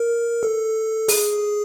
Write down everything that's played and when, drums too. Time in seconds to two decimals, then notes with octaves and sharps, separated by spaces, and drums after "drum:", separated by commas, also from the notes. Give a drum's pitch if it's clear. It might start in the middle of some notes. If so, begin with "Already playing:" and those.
Already playing: A#4
0.43 A4
1.08 G#4, drum: open hi-hat